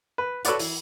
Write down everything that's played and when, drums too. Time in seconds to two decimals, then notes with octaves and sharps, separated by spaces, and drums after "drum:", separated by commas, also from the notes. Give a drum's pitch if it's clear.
0.18 B4
0.45 F#4 A4 B4 C#5 D5 F#5, drum: hi-hat
0.59 E3, drum: open hi-hat